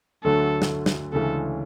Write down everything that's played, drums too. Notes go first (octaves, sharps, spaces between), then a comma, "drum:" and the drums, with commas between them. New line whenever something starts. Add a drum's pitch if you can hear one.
D2 D3 F#3 A3 A4
drum: snare
drum: snare
D2 C#3 E3 G#3 A4